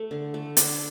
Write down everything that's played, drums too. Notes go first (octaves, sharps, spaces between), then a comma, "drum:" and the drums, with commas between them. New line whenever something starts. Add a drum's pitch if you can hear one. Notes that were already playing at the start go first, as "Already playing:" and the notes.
Already playing: A3
D3
A3
D4, drum: hi-hat